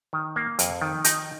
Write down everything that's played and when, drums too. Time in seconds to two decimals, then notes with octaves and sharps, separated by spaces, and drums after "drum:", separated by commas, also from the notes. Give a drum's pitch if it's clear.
0.13 D#3
0.36 A#3
0.59 F2, drum: hi-hat
0.82 D#3
1.04 D#4, drum: hi-hat